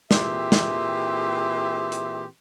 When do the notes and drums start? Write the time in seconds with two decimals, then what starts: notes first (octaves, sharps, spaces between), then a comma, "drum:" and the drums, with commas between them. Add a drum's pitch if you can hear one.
0.11 A#2 E3 C4 G4 G#4 E5, drum: snare
0.52 drum: snare
1.92 drum: hi-hat